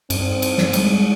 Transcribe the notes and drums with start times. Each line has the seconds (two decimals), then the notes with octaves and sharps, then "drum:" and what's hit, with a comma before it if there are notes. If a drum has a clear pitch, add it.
0.10 G2 C4, drum: cymbal
0.42 drum: cymbal
0.58 drum: snare
0.73 G3 G#3, drum: cymbal